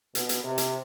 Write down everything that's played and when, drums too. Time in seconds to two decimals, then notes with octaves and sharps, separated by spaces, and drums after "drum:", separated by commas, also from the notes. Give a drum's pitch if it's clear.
0.15 B2, drum: hi-hat
0.29 drum: hi-hat
0.44 C3
0.58 drum: hi-hat